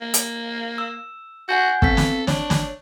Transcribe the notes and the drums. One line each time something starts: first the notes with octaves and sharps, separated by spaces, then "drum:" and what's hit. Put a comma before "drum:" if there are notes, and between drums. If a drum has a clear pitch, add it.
A#3
drum: hi-hat
E6
F#4 F#5 G#5 G6
B3 C4 A4 B6, drum: kick
drum: snare
D4 C#5, drum: snare
drum: snare